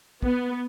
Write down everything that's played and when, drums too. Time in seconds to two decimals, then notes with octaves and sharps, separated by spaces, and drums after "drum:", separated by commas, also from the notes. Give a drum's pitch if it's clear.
0.22 B3, drum: kick